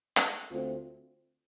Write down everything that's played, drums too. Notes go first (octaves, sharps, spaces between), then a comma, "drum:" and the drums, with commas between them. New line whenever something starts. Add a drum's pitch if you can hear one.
drum: clap
D2 D3 A3 C4 F4